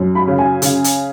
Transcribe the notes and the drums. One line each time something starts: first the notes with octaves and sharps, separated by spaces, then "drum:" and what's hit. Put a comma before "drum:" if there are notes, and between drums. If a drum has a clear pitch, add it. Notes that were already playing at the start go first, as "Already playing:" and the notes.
Already playing: F#2
B5
C#3
G#5
C#3, drum: hi-hat
drum: hi-hat